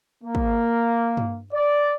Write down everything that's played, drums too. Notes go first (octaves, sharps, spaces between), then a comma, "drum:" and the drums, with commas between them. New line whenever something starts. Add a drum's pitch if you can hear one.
A#3
drum: kick
drum: tom G2
D5